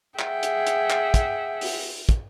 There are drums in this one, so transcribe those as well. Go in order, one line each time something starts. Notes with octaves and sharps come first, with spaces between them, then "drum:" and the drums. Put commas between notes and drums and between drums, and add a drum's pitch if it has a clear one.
G#4 E5 F#5 G5, drum: clap
drum: hi-hat
drum: hi-hat
drum: clap
drum: kick, hi-hat
drum: open hi-hat
drum: kick, hi-hat